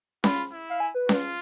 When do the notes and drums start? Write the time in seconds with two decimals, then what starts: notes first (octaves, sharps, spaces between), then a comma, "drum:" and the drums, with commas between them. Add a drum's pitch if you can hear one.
0.24 F4 B5, drum: snare C#4
0.52 E4
0.70 F5
0.80 G#5
0.95 B4
1.09 F4, drum: snare C#4